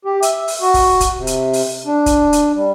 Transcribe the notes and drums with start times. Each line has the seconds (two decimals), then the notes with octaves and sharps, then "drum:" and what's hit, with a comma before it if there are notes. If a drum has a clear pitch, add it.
0.05 G4
0.22 E5, drum: hi-hat
0.48 drum: open hi-hat
0.61 F#4
0.74 drum: kick, open hi-hat
1.01 drum: kick, hi-hat
1.17 C3
1.27 drum: hi-hat
1.53 drum: open hi-hat
1.86 D4
2.06 drum: kick, hi-hat
2.33 drum: hi-hat
2.55 G3